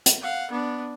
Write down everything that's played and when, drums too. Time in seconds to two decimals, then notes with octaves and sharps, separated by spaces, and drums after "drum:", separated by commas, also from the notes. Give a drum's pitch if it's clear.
0.06 drum: hi-hat
0.22 F5 F#5
0.50 B3 D4